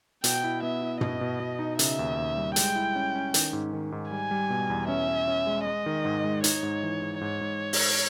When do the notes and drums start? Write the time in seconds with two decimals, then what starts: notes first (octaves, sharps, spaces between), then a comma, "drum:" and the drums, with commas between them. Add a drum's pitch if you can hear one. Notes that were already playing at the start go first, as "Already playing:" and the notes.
0.24 B2 G5, drum: hi-hat
0.44 E4
0.63 B3 E5
0.82 E4
1.01 B2 D#5, drum: tom
1.21 B2
1.40 B2
1.59 D#4
1.79 C#3 E5, drum: hi-hat
1.99 D#2
2.18 D#2
2.37 G3
2.56 G#3 G5, drum: hi-hat
2.75 E4
2.95 C#4
3.15 C#4
3.34 D#3, drum: hi-hat
3.53 G#2
3.73 D#3
3.92 G#2
4.11 G3 G#5
4.31 G3
4.50 B2
4.70 E2
4.88 C#4 E5
5.09 C#4
5.28 C#4
5.47 G#3
5.66 G#3 D#5
5.86 D#3
6.05 G#2
6.24 G#3
6.44 D#4 C#5, drum: hi-hat
6.63 G#2
6.83 E3
7.02 G#2
7.21 G#2 C#5
7.41 G#2
7.73 drum: open hi-hat